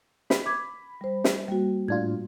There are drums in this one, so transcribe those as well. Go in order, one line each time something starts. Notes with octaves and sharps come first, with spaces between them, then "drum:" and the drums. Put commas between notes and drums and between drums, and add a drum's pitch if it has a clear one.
B5, drum: snare
D6 G#6
G3 C5
drum: snare
G3 A#3 F#4
A2 D4 F4 G#6